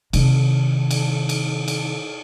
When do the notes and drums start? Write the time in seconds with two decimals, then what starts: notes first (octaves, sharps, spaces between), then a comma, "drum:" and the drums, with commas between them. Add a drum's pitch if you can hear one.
0.13 C3 D#3, drum: cymbal
0.91 drum: cymbal
1.29 drum: cymbal
1.68 drum: cymbal